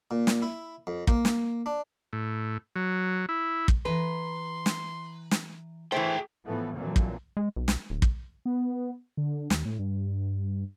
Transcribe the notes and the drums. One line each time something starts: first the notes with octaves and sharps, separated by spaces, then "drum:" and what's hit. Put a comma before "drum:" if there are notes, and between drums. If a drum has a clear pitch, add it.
A#2
drum: snare
E4
F2
A#3, drum: kick
drum: snare
D4
A2
F#3
E4
drum: kick
E3 B4 A#5 C6
drum: snare
drum: snare
E3 A3 G#4 C5 G5
A2 E3 F3 A3 B3
F2 A#2 D3 E3 F#3
drum: kick
G#3
B1
drum: snare
D1
drum: kick
B3
D3
D#2, drum: snare
A2
G2